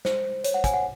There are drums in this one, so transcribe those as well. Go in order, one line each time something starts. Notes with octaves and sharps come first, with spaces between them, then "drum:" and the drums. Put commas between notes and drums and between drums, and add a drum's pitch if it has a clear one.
C5, drum: snare
C#5, drum: hi-hat
F#5
G#5, drum: kick, hi-hat
F#5